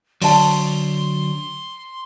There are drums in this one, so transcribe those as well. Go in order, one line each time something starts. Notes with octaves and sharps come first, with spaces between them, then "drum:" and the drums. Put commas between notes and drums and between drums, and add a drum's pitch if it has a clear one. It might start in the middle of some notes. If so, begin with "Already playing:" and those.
D3 F#3 D5 A5 C6, drum: open hi-hat